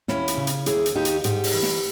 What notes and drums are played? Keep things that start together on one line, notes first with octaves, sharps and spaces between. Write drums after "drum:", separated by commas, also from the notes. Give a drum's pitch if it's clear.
D#2 C#4 E4, drum: snare
drum: hi-hat
C#3
drum: hi-hat
D#2 E4 G#4, drum: hi-hat
drum: hi-hat
D#2 D#4 G4
drum: hi-hat
G#2 D#4 G4, drum: hi-hat
drum: open hi-hat
E3
drum: snare